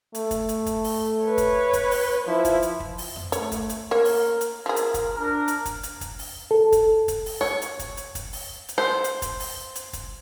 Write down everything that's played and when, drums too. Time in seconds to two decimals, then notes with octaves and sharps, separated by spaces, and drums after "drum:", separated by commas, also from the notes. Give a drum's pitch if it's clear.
0.15 A3, drum: hi-hat
0.31 drum: kick, hi-hat
0.49 drum: hi-hat
0.66 drum: kick, hi-hat
0.84 drum: open hi-hat
1.24 B4 C#5
1.38 drum: kick, hi-hat
1.73 drum: kick, hi-hat
1.91 drum: open hi-hat
2.27 F3 E4
2.45 drum: kick, hi-hat
2.62 drum: hi-hat
2.80 drum: kick
2.98 drum: open hi-hat
3.16 drum: tom F2
3.32 A3 C#5, drum: hi-hat
3.52 drum: kick, hi-hat
3.69 drum: hi-hat
3.91 A#3 A#4 C#5
4.05 drum: open hi-hat
4.41 drum: hi-hat
4.66 F3 G#4 A#4
4.76 drum: hi-hat
4.94 drum: kick, hi-hat
5.16 D4 A#4
5.48 drum: hi-hat
5.65 drum: kick, hi-hat
5.83 drum: hi-hat
6.01 drum: kick, hi-hat
6.19 drum: open hi-hat
6.51 A4
6.72 drum: kick, hi-hat
7.08 drum: kick, hi-hat
7.26 drum: open hi-hat
7.41 C#5
7.62 drum: hi-hat
7.79 drum: kick, hi-hat
7.97 drum: hi-hat
8.15 drum: kick, hi-hat
8.33 drum: open hi-hat
8.68 drum: hi-hat
8.78 C5
9.04 drum: hi-hat
9.22 drum: kick, hi-hat
9.40 drum: open hi-hat
9.75 drum: hi-hat
9.93 drum: kick, hi-hat